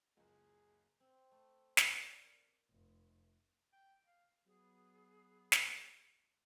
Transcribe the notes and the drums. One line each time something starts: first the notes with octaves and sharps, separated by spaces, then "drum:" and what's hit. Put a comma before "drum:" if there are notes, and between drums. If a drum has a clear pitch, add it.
F#1 C#2 G#4
C4
A3
drum: snare
D5
A#4
F1
G5
F5
F#3 B3 G#4
drum: snare